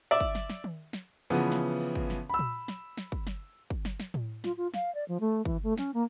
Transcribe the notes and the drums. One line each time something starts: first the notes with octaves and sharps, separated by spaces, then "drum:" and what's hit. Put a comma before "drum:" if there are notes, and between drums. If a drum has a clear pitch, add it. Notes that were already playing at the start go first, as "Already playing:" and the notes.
D5 E5
drum: kick
drum: snare
drum: snare
drum: tom D#3
drum: snare
C#3 E3 F3 B3
drum: snare
drum: kick
drum: snare
B5 E6
drum: tom A#2
drum: snare
drum: snare
drum: kick
drum: snare
drum: kick
drum: snare
drum: snare
drum: tom A2
F4, drum: snare
F4
F5, drum: snare
D5
F3
A3
E3, drum: kick
A3
C#4, drum: snare
A#3